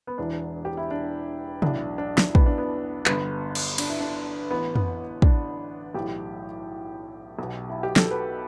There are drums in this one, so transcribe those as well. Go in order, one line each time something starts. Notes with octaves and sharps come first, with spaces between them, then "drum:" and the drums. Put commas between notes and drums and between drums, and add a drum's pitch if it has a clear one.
B3
E1 E2 E3 D4
G4
E4
D4
B1 A2 E3 D4, drum: tom C3
D4
drum: snare
B3, drum: kick
D4
B3
G1 G2 D3 B3, drum: clap
drum: cymbal
D4, drum: cymbal
E4
D4
A1 A2 E3 B3
B3, drum: tom F2
D4, drum: kick
B1 A2 E3 G4
B1 B2
E4
G4
A4, drum: snare
B4